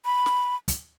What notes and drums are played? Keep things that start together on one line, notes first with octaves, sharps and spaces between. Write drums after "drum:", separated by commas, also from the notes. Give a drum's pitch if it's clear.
B5
drum: snare
drum: kick, hi-hat